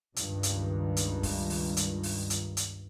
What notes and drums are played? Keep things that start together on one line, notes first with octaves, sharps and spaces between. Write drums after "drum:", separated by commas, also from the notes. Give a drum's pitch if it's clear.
C#2 G2 D#3, drum: hi-hat
drum: hi-hat
drum: hi-hat
drum: kick, open hi-hat
drum: open hi-hat
drum: hi-hat
drum: open hi-hat
drum: hi-hat
drum: hi-hat